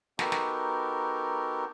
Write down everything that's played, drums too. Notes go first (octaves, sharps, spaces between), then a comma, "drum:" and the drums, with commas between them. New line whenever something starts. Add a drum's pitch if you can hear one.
B3 D#4 F#4 G4 A4 A#4, drum: snare
drum: snare